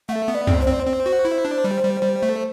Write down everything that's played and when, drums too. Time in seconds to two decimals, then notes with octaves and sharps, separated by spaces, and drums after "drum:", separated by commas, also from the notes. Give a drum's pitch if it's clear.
0.09 A3 E5 F#5
0.28 B3
0.35 D5
0.47 C4, drum: tom
0.61 C5
0.67 C4 D5
0.81 C5
0.87 C4
1.06 F#4
1.25 E4
1.45 D4
1.64 G3
1.83 G3
2.02 G3
2.22 A3